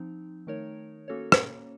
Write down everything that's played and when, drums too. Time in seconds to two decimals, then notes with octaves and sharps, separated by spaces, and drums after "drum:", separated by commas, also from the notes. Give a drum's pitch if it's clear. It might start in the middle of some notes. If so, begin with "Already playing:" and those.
Already playing: F3 C4 D#4
0.47 D#3 A3 D#4 A#4 C#5
1.08 A#3 C#4 F#4 A4 C#5
1.32 drum: rim click